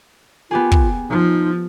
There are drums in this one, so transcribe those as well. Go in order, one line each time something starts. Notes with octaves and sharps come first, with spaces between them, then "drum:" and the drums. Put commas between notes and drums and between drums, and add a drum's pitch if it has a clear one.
B3 F4 G4 G#4
drum: kick
F3 D#4